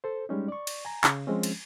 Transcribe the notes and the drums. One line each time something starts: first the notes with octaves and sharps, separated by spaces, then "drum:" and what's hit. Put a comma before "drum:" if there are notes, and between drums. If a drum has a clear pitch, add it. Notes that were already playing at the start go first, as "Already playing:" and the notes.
A4 C5
G3 G#3 C#4 D#4
D5 C#6
drum: cymbal
G#5 A#5
C#3, drum: clap
F3 G#3 C4 C#4
drum: cymbal